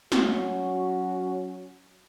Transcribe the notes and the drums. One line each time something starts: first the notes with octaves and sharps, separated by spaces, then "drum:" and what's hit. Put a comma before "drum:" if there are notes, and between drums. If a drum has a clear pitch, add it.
F#3 C#4 F#4, drum: snare